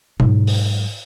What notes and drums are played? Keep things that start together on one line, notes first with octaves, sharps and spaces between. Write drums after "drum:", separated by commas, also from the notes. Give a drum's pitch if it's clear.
G#2 F#3, drum: tom B2
drum: open hi-hat